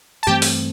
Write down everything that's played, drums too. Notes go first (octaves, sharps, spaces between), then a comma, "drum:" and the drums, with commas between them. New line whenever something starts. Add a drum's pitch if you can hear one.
A5
G2 E3 A3 C4 G4 G5
drum: open hi-hat